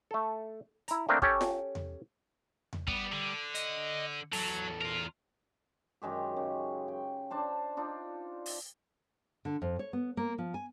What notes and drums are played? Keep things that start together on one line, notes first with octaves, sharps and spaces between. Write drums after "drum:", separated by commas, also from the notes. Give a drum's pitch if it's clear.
A3 A4
E4 A#5, drum: hi-hat
A3 A#3 C4 D4 A#4
C#4 G4 A4 C#5, drum: kick
drum: snare F4
drum: tom E2
drum: tom E2
G3 B3, drum: kick
D3
D#5, drum: hi-hat
E2 F#3 A4, drum: open hi-hat
F4 A#4
F#2 D#3 G#3 G4
C#3
G5
D4 C5 A5
D4 D#4 F4
drum: open hi-hat
D3
F2
C#5
B3
A#3
F3
G#5